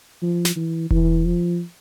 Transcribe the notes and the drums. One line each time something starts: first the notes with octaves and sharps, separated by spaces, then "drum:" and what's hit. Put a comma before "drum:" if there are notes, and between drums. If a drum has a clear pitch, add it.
F3
drum: snare
E3
E3, drum: kick E1
F3